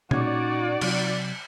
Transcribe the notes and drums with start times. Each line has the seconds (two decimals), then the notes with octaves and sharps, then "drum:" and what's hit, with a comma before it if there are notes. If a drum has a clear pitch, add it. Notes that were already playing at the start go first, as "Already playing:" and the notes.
0.11 A#2 C#4 D#4 F#4 D5 G#6, drum: tom B2
0.81 C3 F#3, drum: cymbal